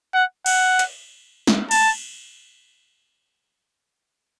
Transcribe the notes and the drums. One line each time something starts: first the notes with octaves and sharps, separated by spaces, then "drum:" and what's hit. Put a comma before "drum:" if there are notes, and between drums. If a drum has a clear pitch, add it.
F#5
F#5, drum: cymbal
drum: hi-hat
drum: snare
A5, drum: cymbal